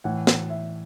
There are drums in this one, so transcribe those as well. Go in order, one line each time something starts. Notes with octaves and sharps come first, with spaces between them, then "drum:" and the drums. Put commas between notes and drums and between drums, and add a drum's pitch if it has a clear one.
A2 E3 F#5
F#5, drum: snare
E5